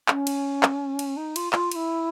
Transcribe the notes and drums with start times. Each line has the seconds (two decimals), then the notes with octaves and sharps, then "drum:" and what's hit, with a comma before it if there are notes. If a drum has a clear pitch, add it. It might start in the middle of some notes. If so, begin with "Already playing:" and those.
0.08 C#4, drum: clap
0.27 drum: cymbal
0.63 drum: clap
0.99 drum: cymbal
1.17 D#4
1.36 F4, drum: cymbal
1.53 F4, drum: clap
1.72 F4, drum: cymbal
1.75 E4